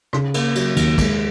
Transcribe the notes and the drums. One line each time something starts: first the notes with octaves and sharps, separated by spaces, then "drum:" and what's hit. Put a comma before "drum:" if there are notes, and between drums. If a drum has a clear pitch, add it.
C#3, drum: rim click
A#3, drum: cymbal
F#3, drum: cymbal
D#2, drum: cymbal
G#3, drum: kick, cymbal